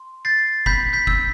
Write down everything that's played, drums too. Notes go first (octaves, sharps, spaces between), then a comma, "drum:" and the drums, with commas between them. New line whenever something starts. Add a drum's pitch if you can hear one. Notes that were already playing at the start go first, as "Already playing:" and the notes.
Already playing: C6
G6 A6 C7
B5 G6 B6, drum: kick F#1
G6 B6
E6 G6, drum: kick F#1